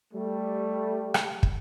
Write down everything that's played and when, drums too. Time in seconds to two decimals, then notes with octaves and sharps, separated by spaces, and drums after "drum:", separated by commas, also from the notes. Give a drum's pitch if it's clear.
0.14 G3 A3
1.14 drum: rim click
1.43 drum: kick